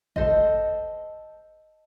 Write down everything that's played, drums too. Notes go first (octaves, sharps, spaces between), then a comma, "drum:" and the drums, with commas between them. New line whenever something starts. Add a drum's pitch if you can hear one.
A4 C5 D#5, drum: kick G1